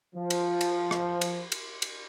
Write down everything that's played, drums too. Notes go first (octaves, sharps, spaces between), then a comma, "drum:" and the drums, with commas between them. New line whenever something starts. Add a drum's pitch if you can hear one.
F3
drum: cymbal
drum: cymbal
drum: rim click
drum: cymbal
drum: cymbal
drum: cymbal